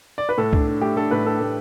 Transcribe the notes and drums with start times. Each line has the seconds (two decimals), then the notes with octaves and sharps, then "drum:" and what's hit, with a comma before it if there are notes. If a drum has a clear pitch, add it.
0.18 D5
0.29 B4
0.38 A2 A4
0.53 D4, drum: kick
0.67 D4
0.81 A3 G4
0.96 D4 A4
1.11 A2 B4
1.26 D4 A4
1.40 A2